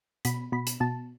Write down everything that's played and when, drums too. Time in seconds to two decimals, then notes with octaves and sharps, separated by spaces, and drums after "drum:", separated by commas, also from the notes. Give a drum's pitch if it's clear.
0.25 B2 B5, drum: hi-hat
0.52 B2 B5
0.67 drum: hi-hat
0.80 B2 A5